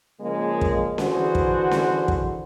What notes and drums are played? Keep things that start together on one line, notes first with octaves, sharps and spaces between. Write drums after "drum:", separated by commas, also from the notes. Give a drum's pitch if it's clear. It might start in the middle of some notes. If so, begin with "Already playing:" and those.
C#3 F3 G#3 A#3
drum: kick
D3 E3 F#4 G#4 C5, drum: snare C#4
drum: kick
drum: snare C#4
drum: kick